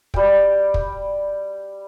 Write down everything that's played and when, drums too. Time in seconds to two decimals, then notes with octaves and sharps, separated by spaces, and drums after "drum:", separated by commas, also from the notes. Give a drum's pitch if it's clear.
0.14 G3 G5, drum: kick
0.74 drum: kick